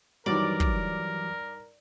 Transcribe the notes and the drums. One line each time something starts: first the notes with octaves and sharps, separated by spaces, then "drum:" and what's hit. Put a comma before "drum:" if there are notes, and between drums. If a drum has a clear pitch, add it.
G2 D#3 E3 F#3 G3 A#4 D5
drum: kick